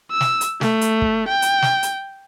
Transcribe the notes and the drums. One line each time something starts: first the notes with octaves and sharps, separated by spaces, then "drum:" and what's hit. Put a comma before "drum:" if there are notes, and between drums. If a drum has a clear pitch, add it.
E6
drum: snare
drum: hi-hat
A3, drum: snare
drum: hi-hat
drum: kick
G5
drum: hi-hat
drum: snare
drum: hi-hat